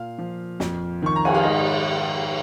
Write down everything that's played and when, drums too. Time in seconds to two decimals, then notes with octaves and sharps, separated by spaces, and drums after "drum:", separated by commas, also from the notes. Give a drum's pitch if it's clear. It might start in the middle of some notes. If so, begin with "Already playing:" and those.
Already playing: A#2 F5
0.19 F3
0.60 F2, drum: snare
1.02 D#3 C#6
1.16 A#5
1.25 G#5, drum: cymbal
1.34 F5
1.44 G#2 D#5